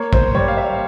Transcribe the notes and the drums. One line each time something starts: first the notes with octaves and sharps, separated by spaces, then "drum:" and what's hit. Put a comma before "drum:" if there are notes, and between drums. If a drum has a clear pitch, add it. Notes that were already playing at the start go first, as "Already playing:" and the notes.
Already playing: A#3 C#5
C5, drum: kick
G3 C#5
F5
E5